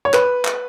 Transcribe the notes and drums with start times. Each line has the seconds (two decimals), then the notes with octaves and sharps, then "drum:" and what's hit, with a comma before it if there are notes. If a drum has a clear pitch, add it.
0.05 C#5
0.13 B4, drum: clap
0.45 drum: clap